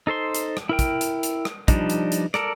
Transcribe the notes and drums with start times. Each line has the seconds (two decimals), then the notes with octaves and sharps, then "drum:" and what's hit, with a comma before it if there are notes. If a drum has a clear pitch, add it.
0.07 D#4 A4 C5 C6
0.35 drum: hi-hat
0.57 drum: rim click
0.69 E4 A#4 G5
0.79 drum: kick, hi-hat
1.01 drum: hi-hat
1.23 drum: hi-hat
1.45 drum: rim click
1.68 F3 G3 D4 D#4, drum: kick, hi-hat
1.90 drum: hi-hat
2.12 drum: hi-hat
2.34 A4 A#4 D5, drum: rim click